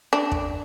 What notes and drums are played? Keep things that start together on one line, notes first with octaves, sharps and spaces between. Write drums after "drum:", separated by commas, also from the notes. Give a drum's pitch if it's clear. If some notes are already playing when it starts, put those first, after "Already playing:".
D4
drum: kick